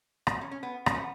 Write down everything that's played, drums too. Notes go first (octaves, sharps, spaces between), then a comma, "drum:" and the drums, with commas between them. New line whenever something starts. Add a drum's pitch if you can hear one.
drum: rim click
C#4
C#4
B3
C#4, drum: rim click
B3